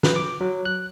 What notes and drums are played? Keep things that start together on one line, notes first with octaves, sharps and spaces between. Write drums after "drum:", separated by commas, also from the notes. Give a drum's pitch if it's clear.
B4, drum: snare
D6
F#3
F#6